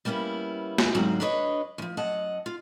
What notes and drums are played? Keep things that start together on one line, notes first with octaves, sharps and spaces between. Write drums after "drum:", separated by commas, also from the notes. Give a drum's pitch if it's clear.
G3 A#3 B3 C#4 E4
drum: snare
G#2 D3 F#3 C4 F#4 F5
D4 F#4 B4 C#5 D#5
E2 F3
F#2 D#5 F#5 A5
F4